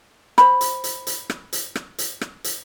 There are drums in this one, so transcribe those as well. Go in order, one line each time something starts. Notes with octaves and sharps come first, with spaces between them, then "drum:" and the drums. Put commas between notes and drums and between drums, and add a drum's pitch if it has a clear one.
C5 B5, drum: rim click
drum: hi-hat
drum: hi-hat
drum: hi-hat
drum: rim click
drum: hi-hat
drum: rim click
drum: hi-hat
drum: rim click
drum: hi-hat